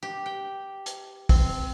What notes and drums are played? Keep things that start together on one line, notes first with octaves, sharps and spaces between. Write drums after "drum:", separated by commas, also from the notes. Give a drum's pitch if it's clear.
G4
G5
drum: hi-hat
C4, drum: kick, open hi-hat